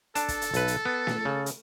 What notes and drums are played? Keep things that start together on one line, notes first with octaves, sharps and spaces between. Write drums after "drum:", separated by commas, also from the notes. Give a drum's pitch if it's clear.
D4 A4 A5, drum: hi-hat
drum: kick, hi-hat
drum: hi-hat
B1 B4, drum: hi-hat
drum: hi-hat
B3
drum: snare
C#3
drum: hi-hat